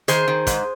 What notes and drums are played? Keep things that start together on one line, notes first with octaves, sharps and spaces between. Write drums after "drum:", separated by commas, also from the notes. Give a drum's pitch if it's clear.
D#3 G#4 C5, drum: hi-hat
D#3
G#2, drum: kick, hi-hat